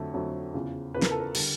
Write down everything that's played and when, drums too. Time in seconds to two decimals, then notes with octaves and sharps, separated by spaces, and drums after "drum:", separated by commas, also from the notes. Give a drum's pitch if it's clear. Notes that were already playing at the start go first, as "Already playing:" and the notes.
Already playing: F2 D3 F#3 A3
0.14 F2 D3 F#3 A3
0.54 E2 C#3 F3
0.94 E2 C#3 F3 B4
1.02 A#4, drum: snare
1.11 A4
1.19 A#4
1.35 D3 G3, drum: cymbal